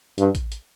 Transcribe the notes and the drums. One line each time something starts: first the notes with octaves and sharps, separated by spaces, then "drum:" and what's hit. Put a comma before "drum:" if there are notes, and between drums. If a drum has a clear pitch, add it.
G2, drum: hi-hat
drum: kick, hi-hat
drum: hi-hat